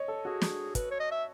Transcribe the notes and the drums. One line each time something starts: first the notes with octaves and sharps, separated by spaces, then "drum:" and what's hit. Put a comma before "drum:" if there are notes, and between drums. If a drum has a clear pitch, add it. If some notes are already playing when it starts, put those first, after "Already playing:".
Already playing: C#5 D#5
A4
F#4 G#4
drum: snare
B4, drum: kick, hi-hat
C#5
D#5
E5